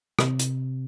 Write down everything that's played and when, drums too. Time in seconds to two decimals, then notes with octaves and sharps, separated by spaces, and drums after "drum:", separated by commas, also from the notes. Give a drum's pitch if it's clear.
0.19 C3, drum: rim click
0.39 drum: hi-hat